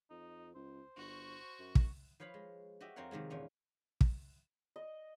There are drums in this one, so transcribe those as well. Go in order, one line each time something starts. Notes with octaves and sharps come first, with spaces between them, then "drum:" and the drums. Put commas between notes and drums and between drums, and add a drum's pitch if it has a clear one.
F2 D#4
C#2 C5
G1 F#4 C#6
F#2
drum: kick
F3 B4 C#5 F5 B5
G#3
F#4 G4 D#5 E5
F2 C4 F4 A#4 C#5 F#5
C3 D#3 F3 G#3
E2 A#2 C#4 F4
drum: kick
D#5